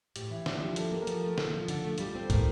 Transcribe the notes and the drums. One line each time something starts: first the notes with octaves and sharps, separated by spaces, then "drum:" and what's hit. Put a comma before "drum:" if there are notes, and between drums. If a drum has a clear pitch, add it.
A2 G4, drum: hi-hat
E3 E4
D3 D4, drum: snare
F3 G4
G3 A4, drum: hi-hat
A#3 G4
A#4
F3 A4, drum: hi-hat
A3
A#2, drum: snare
F3
D3, drum: hi-hat
A3
G3 F4, drum: hi-hat
G4
C4 A4
A2 A#4, drum: kick, hi-hat